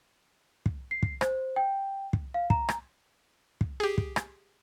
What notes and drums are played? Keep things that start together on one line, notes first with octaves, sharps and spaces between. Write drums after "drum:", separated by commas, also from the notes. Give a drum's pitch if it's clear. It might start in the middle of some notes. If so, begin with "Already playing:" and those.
drum: kick
C7
drum: kick
C5, drum: rim click
G5
drum: kick
F5
A#5, drum: kick
drum: rim click
drum: kick
G4 G#4
drum: kick
drum: rim click